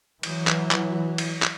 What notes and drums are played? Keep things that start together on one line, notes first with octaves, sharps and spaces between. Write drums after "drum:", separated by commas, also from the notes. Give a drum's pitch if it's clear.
E3 F#3, drum: cymbal
drum: clap
drum: clap
drum: cymbal
drum: clap